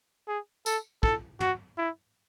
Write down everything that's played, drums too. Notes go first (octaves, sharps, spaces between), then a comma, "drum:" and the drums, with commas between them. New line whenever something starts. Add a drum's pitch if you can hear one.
G#4
A4, drum: tambourine
A4, drum: kick
F#4, drum: tom
E4